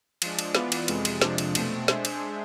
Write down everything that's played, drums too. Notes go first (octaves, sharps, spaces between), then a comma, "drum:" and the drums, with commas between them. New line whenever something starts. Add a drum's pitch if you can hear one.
F3 G#3 D4, drum: cymbal
drum: cymbal
E3 B3 F4 B4 D5, drum: snare
drum: cymbal
F2 C3 G#3, drum: cymbal
drum: cymbal
F2 C3 F3 G#3 D4, drum: snare
drum: cymbal
B2 A3 C4, drum: cymbal
G#3 D4 G#4 C5 E5, drum: snare
drum: cymbal